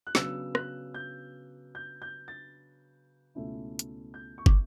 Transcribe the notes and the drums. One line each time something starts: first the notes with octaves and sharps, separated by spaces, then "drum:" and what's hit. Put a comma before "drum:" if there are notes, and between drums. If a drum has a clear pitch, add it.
F#6
C#3 F#3 B3 D4 E6, drum: snare
F#6, drum: rim click
G6
G6
G6
A6
C#2 B2 A3 C#4 E4
drum: hi-hat
G6
C#6
D6, drum: kick